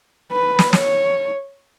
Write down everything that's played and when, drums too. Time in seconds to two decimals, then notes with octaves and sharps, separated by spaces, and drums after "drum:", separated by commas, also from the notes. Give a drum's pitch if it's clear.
0.32 B4
0.59 drum: snare
0.73 C#5, drum: snare